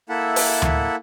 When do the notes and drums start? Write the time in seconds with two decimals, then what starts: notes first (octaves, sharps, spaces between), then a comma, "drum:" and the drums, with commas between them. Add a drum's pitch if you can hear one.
0.09 A#3 E4 A4 E5 F#5
0.36 drum: open hi-hat
0.62 drum: tom D2